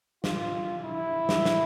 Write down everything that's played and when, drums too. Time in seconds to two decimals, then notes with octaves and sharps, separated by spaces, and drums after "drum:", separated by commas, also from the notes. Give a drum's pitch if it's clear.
0.24 F4, drum: snare
0.84 E4
1.29 drum: snare
1.45 drum: snare